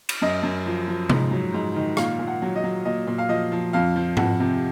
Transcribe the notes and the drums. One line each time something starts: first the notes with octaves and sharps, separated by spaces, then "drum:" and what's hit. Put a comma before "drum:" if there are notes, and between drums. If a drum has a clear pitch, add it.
drum: cymbal
F#2 D#5
F#2
F3
F3
G#2, drum: tom C3
F#3
G#2
D#3
A#2 F5, drum: rim click
A#2
F#5
F#3
D#5
F#3
A#2 D#5
A#2
F5
F3 D#5
F3
F2 F5
F3
F2 F#5, drum: tom G#2
C3